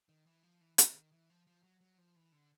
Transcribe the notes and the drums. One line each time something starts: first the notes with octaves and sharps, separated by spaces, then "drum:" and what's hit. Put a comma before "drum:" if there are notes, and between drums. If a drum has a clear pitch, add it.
D#3
E3
F3
E3
E3, drum: hi-hat
D#3
E3
F3
F3
F#3
F#3
F3
E3
D3